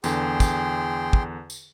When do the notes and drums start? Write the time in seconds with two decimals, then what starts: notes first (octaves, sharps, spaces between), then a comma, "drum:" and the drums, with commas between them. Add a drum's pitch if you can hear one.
0.04 E2 D3 G#4 G5 C6, drum: tambourine
0.40 drum: kick, tambourine
1.13 drum: kick
1.50 drum: tambourine